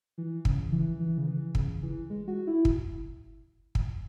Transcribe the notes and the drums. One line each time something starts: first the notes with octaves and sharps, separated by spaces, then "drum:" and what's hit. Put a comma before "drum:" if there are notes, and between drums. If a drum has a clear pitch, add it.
E3
C#3, drum: kick
E3
E3
C#3
E3
C#3, drum: kick
E3
G#3
F#4
E4
drum: kick
drum: kick